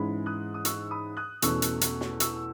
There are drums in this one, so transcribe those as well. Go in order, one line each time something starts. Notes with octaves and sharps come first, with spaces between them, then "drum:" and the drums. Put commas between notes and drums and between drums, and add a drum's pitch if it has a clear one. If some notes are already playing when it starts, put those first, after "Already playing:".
Already playing: G#2 E3 G#3 C#4 B5
D#6 F#6
D#6
C#6 E6, drum: hi-hat
B5 D#6
D#6 F#6
E2 B2 A3 C#4 C#6 E6, drum: hi-hat
drum: hi-hat
drum: hi-hat
drum: snare
C#6 E6, drum: hi-hat